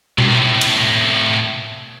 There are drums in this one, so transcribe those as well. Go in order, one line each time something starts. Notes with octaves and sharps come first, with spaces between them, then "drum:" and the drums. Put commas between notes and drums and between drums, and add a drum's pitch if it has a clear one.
A2 C3, drum: tom B2
drum: cymbal